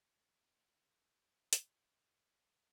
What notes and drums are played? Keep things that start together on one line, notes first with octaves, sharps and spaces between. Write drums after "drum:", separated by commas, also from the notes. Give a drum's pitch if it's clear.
F4
drum: hi-hat
D4